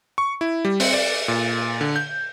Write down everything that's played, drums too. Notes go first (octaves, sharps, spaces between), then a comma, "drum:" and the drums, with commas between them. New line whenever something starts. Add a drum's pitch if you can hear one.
C#6
E4
G3
C4, drum: open hi-hat
D5
A#2
D3
G6